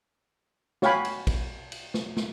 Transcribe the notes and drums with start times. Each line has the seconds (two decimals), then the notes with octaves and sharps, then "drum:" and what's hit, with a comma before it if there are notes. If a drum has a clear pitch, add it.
0.82 F#4 C#5 F5 G5 G#5 B5, drum: snare
1.05 drum: cymbal
1.27 drum: kick, cymbal
1.72 drum: cymbal
1.94 drum: snare
2.17 drum: snare